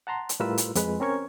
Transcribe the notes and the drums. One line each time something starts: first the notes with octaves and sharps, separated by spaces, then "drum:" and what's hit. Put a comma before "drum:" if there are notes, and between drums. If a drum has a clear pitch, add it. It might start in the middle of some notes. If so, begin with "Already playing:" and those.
F#5 A5 A#5 C6
drum: hi-hat
A2 G3 F4 A#4 B4 E6
drum: hi-hat
F2 G#3 B4, drum: hi-hat
C4 C#4 A#4 C#6 G#6